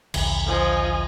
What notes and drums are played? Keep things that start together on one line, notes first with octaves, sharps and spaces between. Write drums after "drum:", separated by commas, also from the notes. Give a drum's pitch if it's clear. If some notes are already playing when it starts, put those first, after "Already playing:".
A#1 D#2 D3, drum: cymbal
F3 D#5 G#5